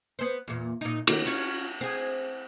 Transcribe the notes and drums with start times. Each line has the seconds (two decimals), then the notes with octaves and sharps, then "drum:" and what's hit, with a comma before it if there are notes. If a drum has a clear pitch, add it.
0.19 B3 C5
0.48 E2 A#2
0.81 A#2 D#4
1.07 D#3 A#3, drum: cymbal
1.25 C#4 F4 C#5
1.81 C4 G#4